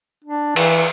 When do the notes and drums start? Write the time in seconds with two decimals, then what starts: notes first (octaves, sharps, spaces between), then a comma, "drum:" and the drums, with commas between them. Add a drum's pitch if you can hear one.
0.24 D4
0.56 E3, drum: cymbal